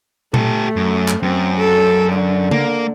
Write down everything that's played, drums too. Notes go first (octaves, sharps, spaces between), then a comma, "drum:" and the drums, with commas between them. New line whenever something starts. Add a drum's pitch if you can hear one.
A3 G4 A4, drum: tom A#2
F#2
drum: clap
F#2 C4
A4
D3
A#3, drum: tom C#3